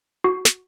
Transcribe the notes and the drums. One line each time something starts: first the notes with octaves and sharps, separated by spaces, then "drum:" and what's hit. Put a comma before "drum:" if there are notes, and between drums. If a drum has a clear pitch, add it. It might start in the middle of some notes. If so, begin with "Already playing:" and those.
F#4
drum: snare